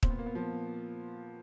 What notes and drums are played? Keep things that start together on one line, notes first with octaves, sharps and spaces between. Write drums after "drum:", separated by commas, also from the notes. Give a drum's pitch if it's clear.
A#2 C4, drum: kick
B3
A#3
B3
F3